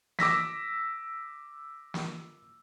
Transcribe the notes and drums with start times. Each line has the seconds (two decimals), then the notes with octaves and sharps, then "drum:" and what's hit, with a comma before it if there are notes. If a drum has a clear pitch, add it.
0.19 D6 E6 A#6 B6, drum: snare
1.94 drum: snare